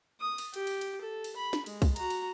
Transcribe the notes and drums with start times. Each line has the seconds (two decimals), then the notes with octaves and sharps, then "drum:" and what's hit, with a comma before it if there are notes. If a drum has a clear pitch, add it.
0.20 D#6
0.38 drum: cymbal
0.54 G4, drum: cymbal
0.67 drum: cymbal
0.81 drum: cymbal
1.01 A4
1.24 drum: cymbal
1.36 B5
1.53 drum: snare
1.66 G#3, drum: cymbal
1.82 drum: kick C2, cymbal
1.96 F#4 A#5, drum: cymbal
2.10 drum: cymbal